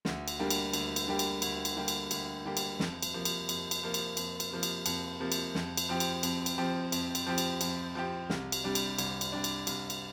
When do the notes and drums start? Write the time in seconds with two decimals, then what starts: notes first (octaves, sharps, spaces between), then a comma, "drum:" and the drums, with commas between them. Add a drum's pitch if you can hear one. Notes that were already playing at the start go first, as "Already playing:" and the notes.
0.05 D2, drum: snare
0.28 drum: cymbal
0.39 D3 G3 A#3 G4
0.50 drum: cymbal
0.73 D2, drum: cymbal
0.96 drum: cymbal
1.08 D3 G3 A#3 G4
1.19 drum: cymbal
1.42 D2, drum: cymbal
1.65 drum: cymbal
1.76 D3 G3 A#3 G4
1.88 drum: cymbal
2.11 D2, drum: cymbal
2.45 D3 G3 A#3 G4
2.57 drum: cymbal
2.80 F2, drum: snare
3.02 drum: cymbal
3.14 C3 F3 A#3
3.25 drum: cymbal
3.49 F2, drum: cymbal
3.71 drum: cymbal
3.83 C3 F3 A#3
3.94 drum: cymbal
4.17 F2, drum: cymbal
4.40 drum: cymbal
4.51 C3 F3 A#3
4.63 drum: cymbal
4.86 F2, drum: cymbal
5.20 C3 F3 A#3
5.32 drum: cymbal
5.55 F2, drum: snare
5.77 drum: cymbal
5.89 F3 C4 G4
6.00 drum: cymbal
6.23 F2, drum: cymbal
6.46 drum: cymbal
6.58 F3 C4 G4
6.92 F2, drum: cymbal
7.15 drum: cymbal
7.27 F3 C4 G4
7.38 drum: cymbal
7.61 F2, drum: cymbal
7.95 F3 C4 G4
8.30 C2, drum: snare
8.52 drum: cymbal
8.64 C3 G3 D4
8.75 drum: cymbal
8.99 C2, drum: cymbal
9.21 drum: cymbal
9.32 C3 G3 D4
9.44 drum: cymbal
9.67 C2, drum: cymbal
9.90 drum: cymbal